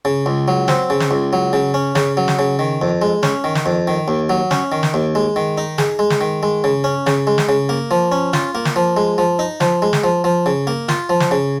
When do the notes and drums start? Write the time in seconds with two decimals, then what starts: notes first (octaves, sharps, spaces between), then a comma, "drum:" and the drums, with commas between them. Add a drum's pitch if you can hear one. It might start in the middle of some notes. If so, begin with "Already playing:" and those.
0.05 C#3
0.26 C#2
0.48 F#3
0.68 C4, drum: snare
0.90 C#3
1.00 drum: snare
1.11 C#2
1.33 F#3
1.53 C#3
1.74 C#4
1.95 C#3, drum: snare
2.17 F#3
2.28 drum: snare
2.39 C#3
2.59 D#3
2.82 F2
3.02 G#3
3.23 C#4, drum: snare
3.44 D#3
3.55 drum: snare
3.66 F2
3.88 D#3
4.08 D#2
4.29 F#3
4.51 C#4, drum: snare
4.72 D#3
4.83 drum: snare
4.94 D#2
5.15 G#3
5.36 D#3
5.58 D#4
5.78 G#4, drum: snare
5.99 G#3
6.10 drum: snare
6.21 D#3
6.43 G#3
6.64 C#3
6.84 C#4
7.07 C#3, drum: snare
7.27 G#3
7.38 drum: snare
7.49 C#3
7.69 A#3
7.91 F3
8.12 C#4
8.33 F4, drum: snare
8.55 A#3
8.65 drum: snare
8.76 F3
8.97 G#3
9.18 F3
9.39 D#4
9.60 F3, drum: snare
9.82 G#3
9.93 drum: snare
10.04 F3
10.24 F3
10.46 C#3
10.67 A#3
10.89 F4, drum: snare
11.09 F3
11.20 drum: snare
11.31 C#3